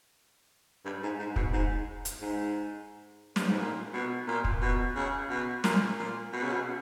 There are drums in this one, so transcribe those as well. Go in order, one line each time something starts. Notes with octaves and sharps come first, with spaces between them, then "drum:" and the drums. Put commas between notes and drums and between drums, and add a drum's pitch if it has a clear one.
G2
G#2
G#2
B2, drum: kick
G#2
drum: hi-hat
G#2
G2, drum: snare
G#2
A#2
B2
A#2
drum: kick
B2
C#3
B2
A#2, drum: snare
A#2
B2
C#3
B2